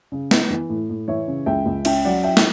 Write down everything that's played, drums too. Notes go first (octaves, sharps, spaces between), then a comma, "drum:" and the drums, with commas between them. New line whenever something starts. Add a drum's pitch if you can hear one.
C#3
B3, drum: snare
E3
A2
A2
E3 C#5 E5
C#3
C#2 E5 G5
C#2
C#4 E5 G5, drum: cymbal
F#3 D5 F#5
E4 E5 G5
drum: snare